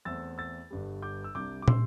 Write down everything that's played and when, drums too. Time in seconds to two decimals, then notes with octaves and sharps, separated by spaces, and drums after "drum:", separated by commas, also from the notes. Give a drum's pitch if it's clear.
0.05 E2 E3 A3 C4 E6 A6
0.38 E6 A6
0.71 G1 G2 G3
1.02 D6 G6
1.24 E6
1.35 C2 C3 G3 D4 D6 G6
1.62 D6
1.68 C6 E6, drum: tom